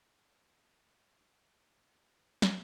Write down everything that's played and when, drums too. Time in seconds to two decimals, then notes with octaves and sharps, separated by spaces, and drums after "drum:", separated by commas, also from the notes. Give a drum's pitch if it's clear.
0.27 B1
0.61 G3
0.92 C2
1.36 A2
1.72 G3
2.05 B2
2.42 drum: snare